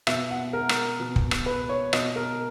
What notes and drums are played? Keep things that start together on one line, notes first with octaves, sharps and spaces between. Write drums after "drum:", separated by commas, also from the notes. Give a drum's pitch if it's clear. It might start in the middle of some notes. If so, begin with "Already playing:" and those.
B2 E5, drum: rim click
F#5
A#4
drum: rim click
B2
drum: kick
drum: rim click
B4
C#5
B2 D#5, drum: rim click
A#4